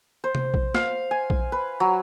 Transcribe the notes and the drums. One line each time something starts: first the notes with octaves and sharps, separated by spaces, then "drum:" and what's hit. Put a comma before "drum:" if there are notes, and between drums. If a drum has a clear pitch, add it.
C5
drum: tom C3
drum: kick A#1
F5, drum: snare
G#5
drum: kick A#1
B4
F#3